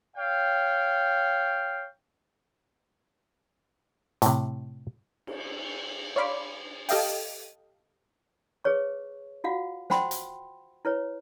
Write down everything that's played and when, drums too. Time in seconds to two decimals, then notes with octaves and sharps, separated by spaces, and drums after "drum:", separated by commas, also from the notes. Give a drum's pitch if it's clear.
0.16 C#5 F5 G5
4.22 A2 C3, drum: hi-hat
5.27 drum: cymbal
6.16 C#5 D5 F5 B5 C6 D6
6.89 G4 A4 D#5 F5 G5, drum: open hi-hat
8.64 G#4 B4 C#5 C#6
9.44 F4 F#4 F5 F#5
9.90 C5 F#5 G5 B5 C6, drum: snare
10.11 drum: hi-hat
10.85 E4 B4 C#5